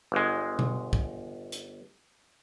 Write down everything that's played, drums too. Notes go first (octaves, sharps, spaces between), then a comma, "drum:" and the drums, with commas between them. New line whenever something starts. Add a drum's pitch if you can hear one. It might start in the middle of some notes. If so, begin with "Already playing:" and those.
G1 G#3
drum: tom B2
drum: kick
drum: hi-hat